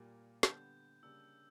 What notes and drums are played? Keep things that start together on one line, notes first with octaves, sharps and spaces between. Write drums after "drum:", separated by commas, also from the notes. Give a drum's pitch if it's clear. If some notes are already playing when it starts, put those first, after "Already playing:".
Already playing: A#2 G3 A#3
D3 G3 B3 G6, drum: snare
C#3 G3 A#3 D4 E6